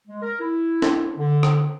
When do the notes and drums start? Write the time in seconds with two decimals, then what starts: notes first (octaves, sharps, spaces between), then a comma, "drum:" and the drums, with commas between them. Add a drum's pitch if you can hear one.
0.07 G#3
0.22 A#4
0.40 E4
0.82 drum: snare
1.17 D3
1.43 drum: rim click